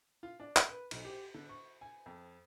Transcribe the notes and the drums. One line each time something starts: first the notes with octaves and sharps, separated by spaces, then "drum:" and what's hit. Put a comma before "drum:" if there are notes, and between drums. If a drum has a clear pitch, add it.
F4
D4
drum: clap
B4
B1, drum: cymbal
G4
D3
C#6
G#5
F2